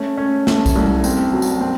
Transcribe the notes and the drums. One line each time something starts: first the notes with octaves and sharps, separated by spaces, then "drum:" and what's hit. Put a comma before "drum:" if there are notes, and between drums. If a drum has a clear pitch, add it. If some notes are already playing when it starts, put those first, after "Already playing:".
Already playing: A3 C#4
C#4
A3, drum: snare
drum: kick B1, tambourine
C2
C4, drum: tambourine
F#3
drum: tambourine
C4